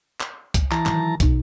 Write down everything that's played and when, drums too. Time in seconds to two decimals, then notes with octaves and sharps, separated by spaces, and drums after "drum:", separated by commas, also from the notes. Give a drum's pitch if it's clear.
0.20 drum: clap
0.54 drum: kick, hi-hat
0.71 E3 A5 A#5, drum: clap
0.86 D#3 F#3, drum: clap
1.20 B1 D#4, drum: kick, hi-hat